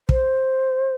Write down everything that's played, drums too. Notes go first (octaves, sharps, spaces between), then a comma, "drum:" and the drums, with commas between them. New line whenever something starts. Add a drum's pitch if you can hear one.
C5, drum: kick